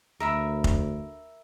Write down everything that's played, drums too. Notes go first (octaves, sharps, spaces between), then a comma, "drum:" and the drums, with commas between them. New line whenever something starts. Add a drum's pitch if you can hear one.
D2 A#4 E5 B5
drum: kick F1